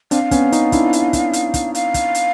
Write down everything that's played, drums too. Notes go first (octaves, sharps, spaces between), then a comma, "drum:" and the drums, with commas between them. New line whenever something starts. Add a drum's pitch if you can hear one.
C4 D4 F5, drum: hi-hat
B3 C#4, drum: kick, hi-hat
C#4 D#4, drum: hi-hat
D4 E4, drum: kick, hi-hat
drum: hi-hat
drum: kick, hi-hat
drum: hi-hat
drum: kick, hi-hat
F5, drum: hi-hat
drum: kick, hi-hat
drum: hi-hat